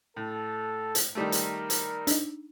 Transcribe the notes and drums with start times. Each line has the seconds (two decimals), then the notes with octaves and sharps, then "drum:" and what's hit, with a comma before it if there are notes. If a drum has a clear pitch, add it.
0.17 A2 A4
0.95 drum: hi-hat
1.15 D#3 G3 A3 A#4
1.32 drum: hi-hat
1.70 drum: hi-hat
2.07 D4 D#4, drum: hi-hat